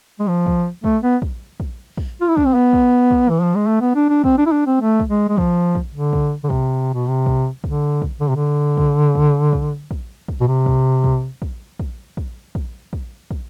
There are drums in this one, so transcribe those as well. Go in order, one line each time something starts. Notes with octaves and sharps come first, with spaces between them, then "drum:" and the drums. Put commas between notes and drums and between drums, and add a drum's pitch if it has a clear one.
G#3
F3
drum: kick
A3, drum: kick
B3
drum: kick
drum: kick
drum: kick
F4
E4
D4, drum: kick
C4
B3
drum: kick
drum: kick
E3
F3
G#3
A3
B3
D4
D4
C4, drum: kick
D4
E4
D4
C4
A3
drum: kick
G#3
G#3
F3, drum: kick
drum: kick
D3
drum: kick
D3
C3, drum: kick
B2
C3
drum: kick
D3, drum: kick
drum: kick
D3
C3
D3
drum: kick
drum: kick
drum: kick
drum: kick
drum: kick
B2
C3
drum: kick
drum: kick
drum: kick
drum: kick
drum: kick
drum: kick
drum: kick
drum: kick